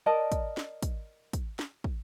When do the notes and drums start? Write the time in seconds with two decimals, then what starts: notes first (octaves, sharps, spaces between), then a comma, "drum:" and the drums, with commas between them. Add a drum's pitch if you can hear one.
0.06 A#4 D5 D#5 A5
0.32 drum: kick, hi-hat
0.57 drum: snare
0.83 drum: kick, hi-hat
1.33 drum: kick, hi-hat
1.59 drum: snare
1.84 drum: kick